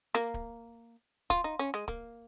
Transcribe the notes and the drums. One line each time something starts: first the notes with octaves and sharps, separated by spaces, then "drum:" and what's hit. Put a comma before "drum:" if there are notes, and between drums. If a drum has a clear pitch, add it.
A#3, drum: snare
drum: kick D1
F4, drum: kick D1
D#4
C#4
G#3
A#3, drum: kick D1